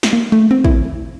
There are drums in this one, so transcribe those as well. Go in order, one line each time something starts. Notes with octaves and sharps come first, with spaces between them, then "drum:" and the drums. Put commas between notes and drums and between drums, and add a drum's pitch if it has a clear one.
drum: snare
A#3
A3
C4
E4, drum: kick